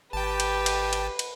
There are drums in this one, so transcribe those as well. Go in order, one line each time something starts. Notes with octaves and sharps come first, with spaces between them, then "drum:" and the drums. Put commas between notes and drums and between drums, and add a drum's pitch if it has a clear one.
G#1 G4 B4 G5 A5
drum: cymbal
drum: cymbal
drum: cymbal
drum: cymbal